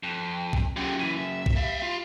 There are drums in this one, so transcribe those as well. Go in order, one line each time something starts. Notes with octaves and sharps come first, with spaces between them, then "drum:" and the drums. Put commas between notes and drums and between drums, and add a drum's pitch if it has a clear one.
F2
drum: kick
F#2 C#3 F4 G4
E3
E5
drum: kick
G4 F5
F4